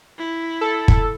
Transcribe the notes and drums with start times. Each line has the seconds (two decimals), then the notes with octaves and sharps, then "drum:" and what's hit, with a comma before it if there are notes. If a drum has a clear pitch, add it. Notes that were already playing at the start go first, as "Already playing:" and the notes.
0.18 E4
0.61 A4
0.88 drum: kick